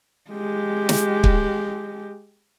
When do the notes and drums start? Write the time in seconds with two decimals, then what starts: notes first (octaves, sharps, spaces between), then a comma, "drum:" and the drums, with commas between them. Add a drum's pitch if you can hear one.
0.31 G#3 G4
0.89 drum: snare
1.24 drum: kick